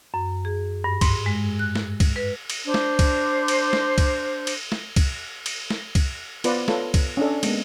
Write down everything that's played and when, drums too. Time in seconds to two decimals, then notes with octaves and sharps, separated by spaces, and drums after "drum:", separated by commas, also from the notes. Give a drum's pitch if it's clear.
0.14 F#2
0.45 G#4
0.84 G2
1.01 G#2, drum: kick, cymbal
1.26 G#3
1.59 F#6
1.76 drum: snare
2.00 drum: kick, cymbal
2.16 B4
2.50 drum: cymbal
2.65 D4 C5
2.74 drum: snare
2.99 drum: kick, cymbal
3.48 drum: cymbal
3.73 drum: snare
3.98 drum: kick, cymbal
4.47 drum: cymbal
4.72 drum: snare
4.96 drum: kick, cymbal
5.46 drum: cymbal
5.70 drum: snare
5.95 drum: kick, cymbal
6.44 B3 F4 B4 C5 D5, drum: cymbal
6.68 F4 A4 B4 C#5, drum: snare
6.94 drum: kick, cymbal
7.17 C#4 D4 A4
7.43 G#3 A#3 B3, drum: cymbal